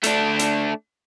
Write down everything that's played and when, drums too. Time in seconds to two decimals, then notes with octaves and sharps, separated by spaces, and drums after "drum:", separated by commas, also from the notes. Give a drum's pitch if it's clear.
0.03 A3 D4, drum: hi-hat
0.39 drum: hi-hat